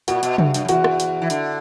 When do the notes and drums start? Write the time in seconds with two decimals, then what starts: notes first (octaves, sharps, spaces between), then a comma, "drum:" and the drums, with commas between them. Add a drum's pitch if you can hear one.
0.08 A#2 F#4, drum: hi-hat
0.23 B2, drum: hi-hat
0.38 G2, drum: tom
0.54 G2, drum: hi-hat
0.65 F#2
0.69 E2 F#4, drum: hi-hat
0.84 drum: rim click
1.00 drum: hi-hat
1.22 E3
1.30 D3, drum: hi-hat